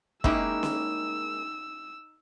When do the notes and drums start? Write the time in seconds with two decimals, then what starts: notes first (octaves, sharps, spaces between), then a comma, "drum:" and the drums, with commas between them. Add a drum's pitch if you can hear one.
0.24 G#3 A#3 C#4 D#4 E4 G4 G#4 E6, drum: kick
0.63 drum: snare C#4